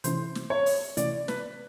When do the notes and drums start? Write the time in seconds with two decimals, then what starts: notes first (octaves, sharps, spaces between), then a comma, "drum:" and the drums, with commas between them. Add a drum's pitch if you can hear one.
0.04 C3 E3 A3 C#4 E4 C5, drum: hi-hat
0.35 drum: snare
0.50 C#5
0.66 drum: open hi-hat
0.97 C3 E3 A3 C#4 E4 D5, drum: hi-hat
1.28 B4, drum: snare